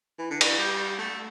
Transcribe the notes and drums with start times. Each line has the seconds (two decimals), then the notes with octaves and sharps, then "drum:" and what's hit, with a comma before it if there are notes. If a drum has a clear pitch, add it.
0.19 E3
0.30 D3
0.41 E3, drum: cymbal
0.59 G3
0.99 A3